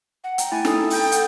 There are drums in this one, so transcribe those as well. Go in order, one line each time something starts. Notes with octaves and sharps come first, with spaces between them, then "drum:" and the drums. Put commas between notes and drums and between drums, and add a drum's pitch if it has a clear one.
F#5
G5 A#5, drum: hi-hat
A3 E4 G#5 A6
D#4 A4 D#6, drum: snare
G5, drum: open hi-hat
F#5 G6, drum: hi-hat